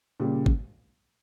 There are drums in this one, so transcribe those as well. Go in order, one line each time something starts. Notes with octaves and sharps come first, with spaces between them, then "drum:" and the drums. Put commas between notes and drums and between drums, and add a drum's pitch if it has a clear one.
A#2 C#3 G3
drum: kick